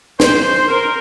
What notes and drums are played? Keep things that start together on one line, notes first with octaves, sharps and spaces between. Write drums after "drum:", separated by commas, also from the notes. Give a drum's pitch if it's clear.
C5, drum: snare
A#4